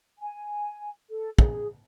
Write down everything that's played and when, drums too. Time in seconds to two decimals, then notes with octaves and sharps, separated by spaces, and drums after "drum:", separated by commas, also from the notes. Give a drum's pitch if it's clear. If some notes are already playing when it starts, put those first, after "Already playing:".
0.19 G#5
1.11 A4
1.39 G#4, drum: kick